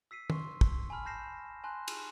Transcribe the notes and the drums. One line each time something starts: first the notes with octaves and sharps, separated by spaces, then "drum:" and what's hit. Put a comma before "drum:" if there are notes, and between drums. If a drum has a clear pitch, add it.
E6 B6 C7 D#7
C6 C#6, drum: tom
drum: kick
G#5 A5 B5 F6
A5 F6 G6 A#6 C7 E7
G#5 A5 C6 F#6
drum: cymbal